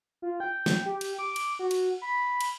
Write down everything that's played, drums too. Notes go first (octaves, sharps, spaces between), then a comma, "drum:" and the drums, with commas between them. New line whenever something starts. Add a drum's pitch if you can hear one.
F4
G5
drum: snare
G4
drum: cymbal
D6
drum: cymbal
F#4
drum: cymbal
B5
drum: cymbal